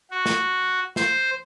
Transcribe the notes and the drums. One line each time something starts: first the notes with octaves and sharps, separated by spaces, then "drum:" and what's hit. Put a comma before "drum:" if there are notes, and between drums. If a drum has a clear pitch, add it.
F#4
drum: snare
C5, drum: snare